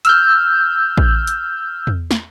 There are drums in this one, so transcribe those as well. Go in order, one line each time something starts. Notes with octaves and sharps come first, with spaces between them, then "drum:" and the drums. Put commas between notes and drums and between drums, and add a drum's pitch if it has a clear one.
E6 F6 G6, drum: hi-hat
drum: kick
drum: hi-hat
drum: tom
drum: snare